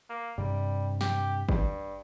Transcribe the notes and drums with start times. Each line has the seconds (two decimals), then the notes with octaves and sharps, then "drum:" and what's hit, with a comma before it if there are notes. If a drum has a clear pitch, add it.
0.10 A#3
0.38 G2 C3 G3
1.01 G4, drum: snare
1.49 G2, drum: kick G#1